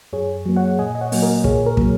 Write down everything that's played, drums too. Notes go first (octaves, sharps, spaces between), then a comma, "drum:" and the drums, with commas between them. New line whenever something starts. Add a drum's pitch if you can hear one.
F#2 G#4 C#5
F#3 A#3
C#5 F#5
A#2 D#5 G#5
D#5
C#5 F#5
F#3 A#3, drum: open hi-hat
A#4 D#5
A#2 G#4 C#5, drum: kick
A#4
F#3 A#3, drum: kick